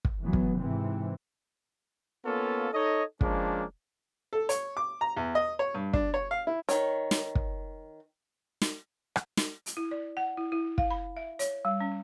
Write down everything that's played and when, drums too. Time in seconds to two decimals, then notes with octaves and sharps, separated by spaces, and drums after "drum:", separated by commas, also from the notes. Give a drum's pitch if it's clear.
0.05 drum: kick
0.21 A2 E3 F#3 B3
0.33 drum: kick
0.55 G#2 C3 E3 C4
2.25 A#3 B3 C#4 F4 A4
2.73 D#4 A4 C#5 D#5
3.21 F3 G#3 A#3 C#4 D4, drum: kick
4.33 A4
4.49 C#5, drum: hi-hat
4.77 D6
5.01 A#5
5.17 E2
5.35 D#5
5.59 C#5
5.74 G2
5.93 D4, drum: kick
6.14 C#5
6.31 F5
6.47 E4
6.69 D#3 C#5, drum: hi-hat
7.11 drum: snare
7.35 drum: kick
8.62 drum: snare
9.16 drum: rim click
9.37 drum: snare
9.66 drum: hi-hat
9.77 E4
9.91 D5
10.17 F#5
10.37 E4
10.52 E4
10.78 F5, drum: kick
10.91 B5
11.17 E5
11.39 C#5, drum: hi-hat
11.65 G3
11.80 C#4